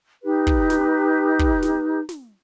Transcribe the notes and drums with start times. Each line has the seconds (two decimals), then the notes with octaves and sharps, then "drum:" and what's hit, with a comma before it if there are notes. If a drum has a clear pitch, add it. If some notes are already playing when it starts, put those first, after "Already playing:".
0.24 D#4 G4 B4
0.47 drum: kick
0.70 drum: snare
1.39 drum: kick
1.62 drum: snare
2.09 drum: snare